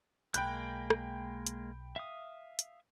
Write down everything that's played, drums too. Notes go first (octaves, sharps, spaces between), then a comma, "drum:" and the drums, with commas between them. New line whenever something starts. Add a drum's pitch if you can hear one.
B1 G#3 A#3 G5 B5 F#6 G6, drum: hi-hat
drum: rim click
drum: hi-hat
E5 F5 D#6
drum: hi-hat